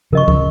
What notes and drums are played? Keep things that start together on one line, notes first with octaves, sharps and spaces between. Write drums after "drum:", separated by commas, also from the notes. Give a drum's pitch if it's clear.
C#3 F3 A#4 D#5 C#6
C#3 F3, drum: kick